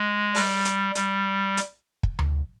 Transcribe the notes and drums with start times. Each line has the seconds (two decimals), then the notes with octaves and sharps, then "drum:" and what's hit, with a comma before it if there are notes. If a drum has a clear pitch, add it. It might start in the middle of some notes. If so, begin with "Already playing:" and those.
Already playing: G#3
0.35 G3, drum: open hi-hat
0.65 drum: hi-hat
0.95 G3, drum: hi-hat
1.57 drum: hi-hat
2.03 drum: kick
2.19 drum: tom D2